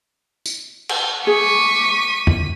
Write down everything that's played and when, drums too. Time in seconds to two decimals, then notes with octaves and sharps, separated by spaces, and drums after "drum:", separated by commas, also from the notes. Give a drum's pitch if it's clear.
0.46 drum: tambourine
0.89 drum: cymbal
1.27 G#4 C#6 D6 B6 D#7
2.27 drum: tom E2